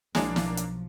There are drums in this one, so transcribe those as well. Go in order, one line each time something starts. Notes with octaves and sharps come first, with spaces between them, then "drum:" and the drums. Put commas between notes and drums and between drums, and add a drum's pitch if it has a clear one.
B1 F3 F#3 G#3 A#3 D4, drum: snare
drum: snare
drum: hi-hat